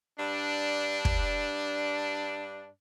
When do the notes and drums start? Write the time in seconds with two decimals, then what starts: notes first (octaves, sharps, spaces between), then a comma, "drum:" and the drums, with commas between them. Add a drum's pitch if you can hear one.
0.19 G2 D4
1.05 drum: kick